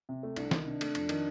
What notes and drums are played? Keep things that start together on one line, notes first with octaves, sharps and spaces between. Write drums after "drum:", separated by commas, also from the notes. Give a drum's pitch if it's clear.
C3
A3
C2 D4, drum: cymbal
D#3, drum: snare
C3 D4
A3, drum: cymbal
F2, drum: cymbal
D#3, drum: cymbal